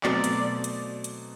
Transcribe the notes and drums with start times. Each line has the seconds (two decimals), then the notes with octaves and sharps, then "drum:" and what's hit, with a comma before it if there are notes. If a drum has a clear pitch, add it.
0.04 B2 F#3 A3 C4 D5, drum: clap
0.24 drum: hi-hat
0.64 drum: hi-hat
1.04 drum: hi-hat